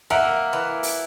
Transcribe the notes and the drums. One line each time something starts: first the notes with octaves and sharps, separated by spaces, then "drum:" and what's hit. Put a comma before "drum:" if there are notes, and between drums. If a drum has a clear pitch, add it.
A#3 E5 F#5
E3
drum: open hi-hat